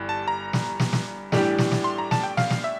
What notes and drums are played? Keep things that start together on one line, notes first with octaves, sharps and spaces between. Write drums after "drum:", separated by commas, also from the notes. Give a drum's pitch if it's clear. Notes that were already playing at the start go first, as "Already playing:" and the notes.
Already playing: G1 G2 E3 G3
A5
A#5
drum: snare
drum: snare
drum: snare
A2 E3 G3 D4 G4, drum: snare
drum: snare
drum: snare
C6
A#5
A5, drum: snare
G5
F5, drum: snare
drum: snare
E5